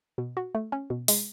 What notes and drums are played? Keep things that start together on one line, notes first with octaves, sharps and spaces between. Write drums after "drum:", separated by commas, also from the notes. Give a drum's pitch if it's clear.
B2
F#4
A3
C#4
B2
G#3, drum: open hi-hat